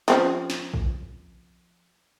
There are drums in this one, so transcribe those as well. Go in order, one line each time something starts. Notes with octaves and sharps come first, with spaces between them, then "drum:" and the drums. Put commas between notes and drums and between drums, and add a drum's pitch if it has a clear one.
F3 C4 C#4, drum: snare
drum: snare
drum: kick